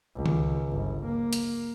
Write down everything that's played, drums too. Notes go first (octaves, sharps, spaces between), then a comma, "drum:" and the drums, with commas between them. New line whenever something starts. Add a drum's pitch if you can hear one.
C#2
drum: tom D#3
G1
A#3
drum: hi-hat